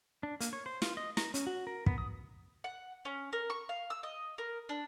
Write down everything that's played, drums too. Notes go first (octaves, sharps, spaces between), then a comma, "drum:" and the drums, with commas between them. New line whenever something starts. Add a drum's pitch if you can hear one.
D4
A#3, drum: hi-hat
C#5
C5
F4, drum: snare
D#5
A#5, drum: snare
C#4, drum: hi-hat
F#4
A#4
B3, drum: kick
D#6
F#5
C#4
A#4
C#6
F5
E6
D#5
A#4
D4